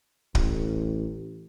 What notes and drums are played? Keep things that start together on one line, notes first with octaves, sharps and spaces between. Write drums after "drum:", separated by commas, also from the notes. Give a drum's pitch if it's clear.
A1, drum: kick